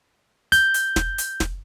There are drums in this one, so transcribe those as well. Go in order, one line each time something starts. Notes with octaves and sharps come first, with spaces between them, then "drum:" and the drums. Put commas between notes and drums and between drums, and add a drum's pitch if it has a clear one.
G6, drum: hi-hat
drum: hi-hat
drum: snare
drum: hi-hat
drum: snare